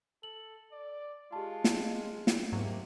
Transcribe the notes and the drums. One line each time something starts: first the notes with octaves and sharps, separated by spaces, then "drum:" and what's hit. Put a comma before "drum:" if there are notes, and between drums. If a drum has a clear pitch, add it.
A4 F#7
D5
G#3 F4 G4 A5
drum: snare
drum: snare
G#2 C3 F#3 A#3